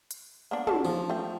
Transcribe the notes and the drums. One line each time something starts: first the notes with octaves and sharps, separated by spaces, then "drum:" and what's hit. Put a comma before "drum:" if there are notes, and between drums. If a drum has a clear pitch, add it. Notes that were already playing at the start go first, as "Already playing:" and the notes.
drum: hi-hat
A#3 B3 D4
C#4 A5, drum: tom
F3
A3 G5